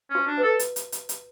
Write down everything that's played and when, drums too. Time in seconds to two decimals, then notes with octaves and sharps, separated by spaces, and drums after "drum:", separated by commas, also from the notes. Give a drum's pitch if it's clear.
0.10 C#4 F#4
0.27 D4
0.38 B4
0.43 A4
0.59 drum: hi-hat
0.76 drum: hi-hat
0.92 drum: hi-hat
1.09 drum: hi-hat